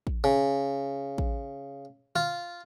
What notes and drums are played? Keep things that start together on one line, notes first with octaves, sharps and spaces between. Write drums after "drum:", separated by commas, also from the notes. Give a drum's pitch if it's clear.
drum: kick A1
C#3
drum: kick A1
F4, drum: tom D3